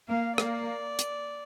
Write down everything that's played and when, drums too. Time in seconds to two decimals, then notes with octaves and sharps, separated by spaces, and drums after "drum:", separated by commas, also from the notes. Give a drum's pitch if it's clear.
0.08 A#3 F5
0.38 A#3 D5, drum: rim click
0.99 drum: hi-hat